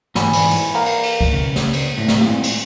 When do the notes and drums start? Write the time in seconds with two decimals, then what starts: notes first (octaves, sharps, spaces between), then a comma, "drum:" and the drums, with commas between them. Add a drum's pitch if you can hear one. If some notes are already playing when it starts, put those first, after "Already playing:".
0.15 G#2 E3 G#4 G#5 B5, drum: snare
0.33 drum: cymbal
0.51 drum: cymbal
0.75 A#4 F5 A#5
0.86 drum: cymbal
1.03 drum: cymbal
1.21 drum: kick C#2
1.33 C#3
1.56 drum: snare
1.73 drum: cymbal
1.98 A2
2.08 drum: snare
2.21 G#3 C4 F4
2.43 drum: cymbal